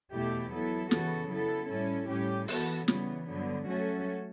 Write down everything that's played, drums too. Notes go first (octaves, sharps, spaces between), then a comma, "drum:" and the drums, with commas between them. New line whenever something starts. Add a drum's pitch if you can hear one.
E2 B2 A3 E4 G4
F#3 B3 E4 A4
C#3 E3 B3 F#4 A4, drum: snare
F#3 B3 E4 A4
A2 G3 C#4 E4 A4
A2 G3 C#4 G4
E3 B3 F#4 A4, drum: open hi-hat
C#3 E3 G3 B3, drum: snare
G2 D3 F#3 B3
F#3 A3 C#4 F#4 A4